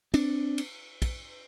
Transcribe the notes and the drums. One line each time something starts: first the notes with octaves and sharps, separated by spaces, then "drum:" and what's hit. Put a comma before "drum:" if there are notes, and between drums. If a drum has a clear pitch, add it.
C4 D4, drum: cymbal
drum: cymbal
drum: kick, cymbal